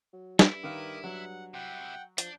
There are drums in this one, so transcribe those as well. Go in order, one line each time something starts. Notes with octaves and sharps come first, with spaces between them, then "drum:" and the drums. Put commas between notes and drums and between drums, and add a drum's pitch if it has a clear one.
F#3
G2 E4, drum: snare
D#3 A#4 B4 F5 D6 D#6
F#3 F#4 F#5
C3 E4 F#5 G5
F3 D4 G6, drum: hi-hat